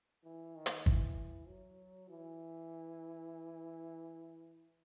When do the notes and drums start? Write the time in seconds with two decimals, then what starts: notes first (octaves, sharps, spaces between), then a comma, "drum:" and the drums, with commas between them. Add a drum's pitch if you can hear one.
0.24 E3
0.56 D#3
0.66 drum: hi-hat
0.86 E3, drum: kick G1
1.48 F#3
2.10 E3